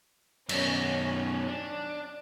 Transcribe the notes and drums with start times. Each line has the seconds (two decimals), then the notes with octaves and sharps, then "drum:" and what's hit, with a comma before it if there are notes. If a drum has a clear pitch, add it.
0.49 F#2 B2 C#4, drum: cymbal
1.47 D4